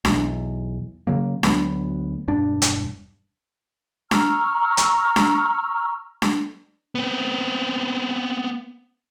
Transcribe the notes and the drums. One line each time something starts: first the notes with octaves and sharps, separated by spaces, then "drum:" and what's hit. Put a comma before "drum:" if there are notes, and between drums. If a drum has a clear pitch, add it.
B1 E2, drum: snare D4
C#3 F#3 A#3
D2 F#3 B3, drum: snare D4
E1 G2 D4
drum: hi-hat
A#5 C#6 E6 F6, drum: snare D4
drum: hi-hat
drum: snare D4
drum: snare D4
B3 C4